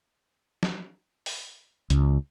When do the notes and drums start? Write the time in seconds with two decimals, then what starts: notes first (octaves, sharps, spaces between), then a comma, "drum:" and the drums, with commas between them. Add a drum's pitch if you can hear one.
0.63 drum: snare
1.26 drum: open hi-hat
1.90 C#2, drum: hi-hat